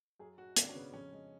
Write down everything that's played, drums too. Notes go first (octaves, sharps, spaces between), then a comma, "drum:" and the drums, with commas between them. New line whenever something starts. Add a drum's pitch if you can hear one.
F#2 G#4
F#2 F#4
G#1 D4, drum: hi-hat
C#4
C#3 B3
F2 C#4
G#3